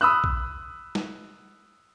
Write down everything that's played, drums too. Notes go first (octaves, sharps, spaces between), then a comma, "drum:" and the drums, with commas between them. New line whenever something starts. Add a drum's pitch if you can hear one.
B5 D#6 E6 F#6
drum: kick
drum: snare